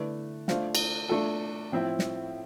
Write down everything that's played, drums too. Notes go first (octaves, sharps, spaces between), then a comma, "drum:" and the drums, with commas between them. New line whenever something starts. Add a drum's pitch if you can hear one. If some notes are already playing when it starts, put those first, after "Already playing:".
Already playing: D3 A3 E4 B4 D5
A3 D4 F4 C5 F5, drum: snare
drum: cymbal
A3 D4 F4 A4
A2 F3 C4 E4
drum: snare